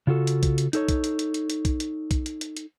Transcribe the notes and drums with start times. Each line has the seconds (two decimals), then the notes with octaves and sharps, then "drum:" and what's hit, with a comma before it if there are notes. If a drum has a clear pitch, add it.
0.07 C#3 F4 F#4 A4
0.27 drum: hi-hat
0.43 drum: kick B1, hi-hat
0.58 drum: hi-hat
0.73 D#4 A4 C#5, drum: hi-hat
0.88 drum: kick B1, hi-hat
1.04 drum: hi-hat
1.19 drum: hi-hat
1.34 drum: hi-hat
1.50 drum: hi-hat
1.65 drum: kick B1, hi-hat
1.80 drum: hi-hat
2.11 drum: kick B1, hi-hat
2.26 drum: hi-hat
2.41 drum: hi-hat
2.57 drum: hi-hat